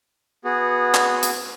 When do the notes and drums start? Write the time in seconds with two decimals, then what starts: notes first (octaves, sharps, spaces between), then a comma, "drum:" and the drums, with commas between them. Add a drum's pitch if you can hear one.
0.44 B3 F#4 G#4
0.94 drum: clap
1.23 drum: hi-hat